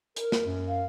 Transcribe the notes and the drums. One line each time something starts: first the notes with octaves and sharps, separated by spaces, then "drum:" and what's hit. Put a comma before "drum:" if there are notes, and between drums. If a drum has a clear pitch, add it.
A#4, drum: hi-hat
drum: snare
F#2
F5